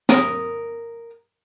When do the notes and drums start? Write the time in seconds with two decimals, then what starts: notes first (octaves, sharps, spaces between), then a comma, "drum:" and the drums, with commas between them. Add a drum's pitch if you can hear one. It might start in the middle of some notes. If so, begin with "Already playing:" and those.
0.09 A#4 D#6, drum: snare